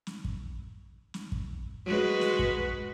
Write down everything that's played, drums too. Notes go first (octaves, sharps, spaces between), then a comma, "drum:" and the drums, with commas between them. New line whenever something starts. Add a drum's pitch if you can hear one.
drum: snare
drum: kick
drum: snare
drum: kick
G#3 F#4 B4
drum: snare
drum: kick